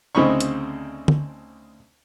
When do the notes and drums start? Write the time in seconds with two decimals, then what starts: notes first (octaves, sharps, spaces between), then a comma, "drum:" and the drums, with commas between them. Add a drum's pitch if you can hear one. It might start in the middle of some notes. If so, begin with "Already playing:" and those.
0.15 D2 C#3 C4 D#4 B5 C#6
0.40 drum: hi-hat
1.08 drum: tom D3